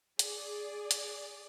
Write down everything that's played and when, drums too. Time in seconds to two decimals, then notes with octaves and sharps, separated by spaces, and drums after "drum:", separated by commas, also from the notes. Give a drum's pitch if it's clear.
0.19 G#4 D5, drum: hi-hat
0.91 drum: hi-hat